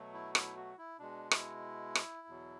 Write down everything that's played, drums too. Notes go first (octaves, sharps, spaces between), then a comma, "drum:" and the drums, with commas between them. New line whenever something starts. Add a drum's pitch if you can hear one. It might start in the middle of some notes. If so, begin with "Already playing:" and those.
Already playing: B2 F#3 A3
E4
E4, drum: rim click
F#4
E4
B2 G#3 D4
E4, drum: rim click
drum: rim click
E2 B2 F#3